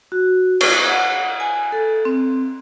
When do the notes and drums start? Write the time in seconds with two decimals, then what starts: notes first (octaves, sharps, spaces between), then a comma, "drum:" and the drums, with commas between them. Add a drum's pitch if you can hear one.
0.12 F#4
0.61 C#6, drum: cymbal
0.89 F#5
1.40 G#5
1.72 A4
2.05 C4